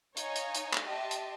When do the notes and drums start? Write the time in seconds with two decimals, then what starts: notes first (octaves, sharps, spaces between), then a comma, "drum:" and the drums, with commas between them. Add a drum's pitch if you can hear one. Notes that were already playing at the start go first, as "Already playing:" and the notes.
0.17 D#4 C#5 F5 G#5, drum: hi-hat
0.36 drum: hi-hat
0.55 drum: hi-hat
0.73 drum: clap
0.86 G4 D#5 E5 A5 C6
1.11 drum: hi-hat